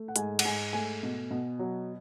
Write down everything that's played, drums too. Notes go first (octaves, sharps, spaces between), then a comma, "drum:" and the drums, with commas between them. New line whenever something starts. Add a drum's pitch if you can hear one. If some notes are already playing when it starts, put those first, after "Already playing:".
Already playing: A3
F#5
G#2 G#5, drum: hi-hat
F#5, drum: cymbal
G#2 G#5
A3 G#5
B2
B2
F#3